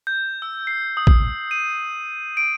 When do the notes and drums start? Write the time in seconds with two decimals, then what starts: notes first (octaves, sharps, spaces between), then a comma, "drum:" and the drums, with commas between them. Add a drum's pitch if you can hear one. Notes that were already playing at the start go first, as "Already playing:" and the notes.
0.07 G6
0.42 E6
0.67 C7
0.97 D#6
1.07 drum: kick A1
1.51 D#7
2.37 D7